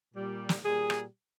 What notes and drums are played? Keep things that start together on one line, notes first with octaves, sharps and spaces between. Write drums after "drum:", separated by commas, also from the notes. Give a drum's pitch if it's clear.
A#2 G3
drum: snare
A#2 G3 G#4
drum: rim click